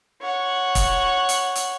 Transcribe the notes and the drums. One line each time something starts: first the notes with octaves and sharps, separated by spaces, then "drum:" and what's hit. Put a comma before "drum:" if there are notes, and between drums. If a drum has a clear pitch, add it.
C#5 F#5
drum: kick, hi-hat
drum: hi-hat
drum: hi-hat